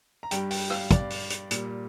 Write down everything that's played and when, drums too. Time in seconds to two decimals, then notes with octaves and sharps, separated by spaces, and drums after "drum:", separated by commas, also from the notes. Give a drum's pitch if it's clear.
0.23 A#5
0.31 G2 G3 G5, drum: hi-hat
0.51 G5, drum: open hi-hat
0.70 F5, drum: rim click
0.91 D5, drum: kick, hi-hat
1.10 drum: open hi-hat
1.30 drum: hi-hat
1.51 A#2 G3, drum: hi-hat